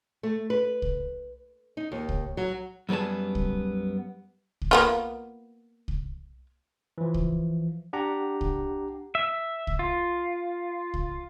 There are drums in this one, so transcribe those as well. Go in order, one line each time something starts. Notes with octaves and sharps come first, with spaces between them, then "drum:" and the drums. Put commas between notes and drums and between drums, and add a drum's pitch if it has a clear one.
A3
B4
drum: kick C2
D#4
D#2
drum: kick C2
F#3
F#2 G3 B3 G#4 A5
drum: kick C2
drum: kick C2
A#3 B3 F4
drum: kick C2
E3 F3
drum: kick C2
D4 G4 F#5 A#5
drum: kick C2
E5
drum: kick C2
F4
drum: kick C2